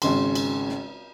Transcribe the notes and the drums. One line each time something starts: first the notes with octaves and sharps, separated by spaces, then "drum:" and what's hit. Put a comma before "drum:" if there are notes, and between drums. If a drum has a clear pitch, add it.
G#1 C#3 C6, drum: cymbal
drum: cymbal
drum: snare